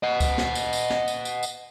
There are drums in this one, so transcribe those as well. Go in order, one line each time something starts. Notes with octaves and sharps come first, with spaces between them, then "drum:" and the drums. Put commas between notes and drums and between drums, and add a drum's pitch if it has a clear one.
D#5 F#5
drum: kick C#2, tambourine
drum: snare
drum: tambourine
drum: tambourine
drum: snare
drum: tambourine
drum: tambourine
drum: tambourine